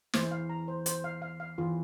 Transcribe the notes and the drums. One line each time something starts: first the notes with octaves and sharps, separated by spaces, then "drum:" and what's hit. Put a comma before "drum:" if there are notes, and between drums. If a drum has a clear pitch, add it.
E2 E3 C5, drum: snare
F5
A#5
C5
C5, drum: hi-hat
F5
F5
F5
E2 E3 F4